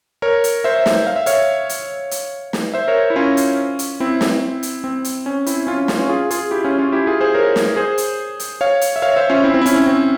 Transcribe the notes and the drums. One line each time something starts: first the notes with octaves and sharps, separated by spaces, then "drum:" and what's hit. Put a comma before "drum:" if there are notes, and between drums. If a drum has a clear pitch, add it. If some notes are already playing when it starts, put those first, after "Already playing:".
A#4 C#5
drum: hi-hat
C5 E5
drum: snare
F5
E5
C#5 F5, drum: hi-hat
drum: hi-hat
drum: hi-hat
drum: snare
C5 E5
A#4 C#5
E4
C#4 F4
drum: hi-hat
drum: hi-hat
C4 E4
drum: snare
drum: hi-hat
C4
drum: hi-hat
C#4
C4 E4, drum: hi-hat
C#4 F4
C#4
C#4, drum: snare
C#4 F4
F4 G#4
F4 G#4, drum: hi-hat
E4 G4
C#4 F4
C#4 F4
E4 G4
F4 G#4
G#4 C5
A#4 C#5
drum: snare
G#4 C5
drum: hi-hat
drum: hi-hat
C#5 F5
drum: hi-hat
E5
C#5 F5
C5 E5
C#4 F4
C4 E4
C4
E4
C#4, drum: hi-hat
C#4
C4